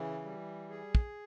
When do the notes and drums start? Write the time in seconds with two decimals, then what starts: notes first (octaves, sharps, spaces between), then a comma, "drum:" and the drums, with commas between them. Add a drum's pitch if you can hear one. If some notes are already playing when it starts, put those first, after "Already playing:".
Already playing: C#3 E3
0.23 G3
0.70 G#4
0.95 drum: kick